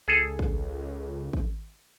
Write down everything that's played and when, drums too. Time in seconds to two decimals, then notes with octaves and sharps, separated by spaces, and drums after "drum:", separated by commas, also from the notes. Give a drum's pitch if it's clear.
0.08 C#2 G#4 A4
0.39 drum: kick
1.33 drum: kick